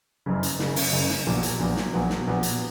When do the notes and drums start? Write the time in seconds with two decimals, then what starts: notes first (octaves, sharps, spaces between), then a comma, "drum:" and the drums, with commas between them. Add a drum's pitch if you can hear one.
0.26 F#1 F#2 C#3
0.43 drum: hi-hat
0.59 F#1 F#2 C#3, drum: snare
0.76 drum: open hi-hat
0.92 F#1 F#2 C#3
1.10 drum: snare
1.26 A#1 A#2 F#3 B3
1.43 drum: hi-hat
1.59 A#1 A#2 F#3 B3
1.76 drum: snare
1.93 A#1 A#2 F#3 B3
2.09 drum: snare
2.26 A#1 A#2 F#3 B3
2.43 drum: hi-hat